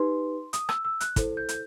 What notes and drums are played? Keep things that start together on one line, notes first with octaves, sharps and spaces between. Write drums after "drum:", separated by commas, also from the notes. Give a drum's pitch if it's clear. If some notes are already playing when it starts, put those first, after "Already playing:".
Already playing: D#4 G4 B4 C6
D#6, drum: hi-hat
E6, drum: rim click
E6
F#6, drum: hi-hat
E4 A4 C5, drum: kick, hi-hat
G6
G6, drum: hi-hat